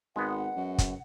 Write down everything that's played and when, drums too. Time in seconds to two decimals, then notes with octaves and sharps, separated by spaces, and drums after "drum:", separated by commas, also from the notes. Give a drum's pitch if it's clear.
0.16 G#1 G#3 B3 F#5
0.56 F#2
0.78 drum: kick, hi-hat